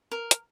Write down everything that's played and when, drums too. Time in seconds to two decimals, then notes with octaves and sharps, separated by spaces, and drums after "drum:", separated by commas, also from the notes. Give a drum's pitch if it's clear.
0.11 A#4
0.31 drum: hi-hat